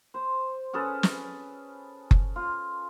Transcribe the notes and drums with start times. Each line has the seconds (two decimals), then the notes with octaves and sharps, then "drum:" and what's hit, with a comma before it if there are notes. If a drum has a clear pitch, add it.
0.14 C5
0.73 C#4 G#4 A4 B4
1.03 drum: snare
2.11 drum: kick F#1
2.36 F4